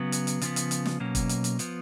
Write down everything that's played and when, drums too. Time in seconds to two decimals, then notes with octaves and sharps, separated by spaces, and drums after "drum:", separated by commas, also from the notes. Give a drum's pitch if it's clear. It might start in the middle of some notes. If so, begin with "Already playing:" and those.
Already playing: C#3 F#3 B3
0.12 drum: hi-hat
0.27 drum: hi-hat
0.42 C#3 F3 B3, drum: hi-hat
0.56 drum: hi-hat
0.71 drum: hi-hat
0.85 drum: snare
1.00 B2 F#3 A#3 C#4
1.15 drum: kick, hi-hat
1.29 drum: hi-hat
1.44 drum: hi-hat
1.59 F3 B3, drum: hi-hat